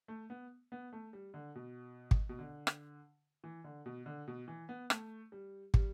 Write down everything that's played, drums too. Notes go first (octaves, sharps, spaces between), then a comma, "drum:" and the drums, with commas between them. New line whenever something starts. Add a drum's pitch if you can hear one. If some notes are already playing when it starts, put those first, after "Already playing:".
A3
B3
B3
A3
G3
D3
B2
drum: kick
B2
D3
drum: rim click
E3
D3
B2
D3
B2
E3
B3
A3, drum: rim click
G3
G3, drum: kick